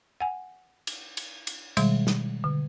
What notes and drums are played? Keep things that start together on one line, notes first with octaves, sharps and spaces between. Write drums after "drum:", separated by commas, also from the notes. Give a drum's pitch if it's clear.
F#5 G#5
drum: cymbal
drum: cymbal
drum: cymbal
B2 D#3 G3 G#3, drum: cymbal
drum: snare
D3